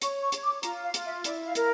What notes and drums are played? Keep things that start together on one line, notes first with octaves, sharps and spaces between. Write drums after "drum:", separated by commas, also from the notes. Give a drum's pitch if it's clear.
C#5 C#6, drum: hi-hat
C#6
C#5, drum: hi-hat
D6
F4 A#5, drum: hi-hat
F5
F4, drum: hi-hat
E5
E4 D5, drum: hi-hat
F5
A#4, drum: hi-hat